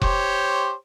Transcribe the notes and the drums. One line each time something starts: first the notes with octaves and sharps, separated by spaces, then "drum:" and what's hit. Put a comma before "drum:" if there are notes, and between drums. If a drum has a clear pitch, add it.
G4 C5 C#5, drum: kick F1